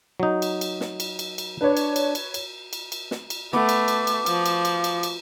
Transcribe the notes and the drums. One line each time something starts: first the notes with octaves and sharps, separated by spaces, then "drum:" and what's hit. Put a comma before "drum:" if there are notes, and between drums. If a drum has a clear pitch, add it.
F#3 D#4
drum: cymbal
drum: cymbal
drum: snare
drum: cymbal
drum: cymbal
drum: cymbal
D4 B4 C#5
drum: cymbal
drum: cymbal
drum: cymbal
drum: cymbal
drum: cymbal
drum: cymbal
drum: snare
drum: cymbal
A3 B3 D6
drum: cymbal
drum: cymbal
drum: cymbal
F3, drum: cymbal
drum: cymbal
drum: cymbal
drum: cymbal
drum: cymbal